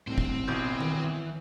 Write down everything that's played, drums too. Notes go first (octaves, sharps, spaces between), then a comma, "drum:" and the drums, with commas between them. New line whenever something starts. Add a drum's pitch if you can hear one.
C2 A2 D3 C4 C5
drum: kick
G1 B2 E3 G6
drum: tom D#3